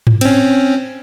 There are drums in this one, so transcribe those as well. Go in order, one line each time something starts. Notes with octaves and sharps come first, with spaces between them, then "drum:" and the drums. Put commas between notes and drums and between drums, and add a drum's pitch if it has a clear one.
drum: tom G#2
C4 C#4, drum: cymbal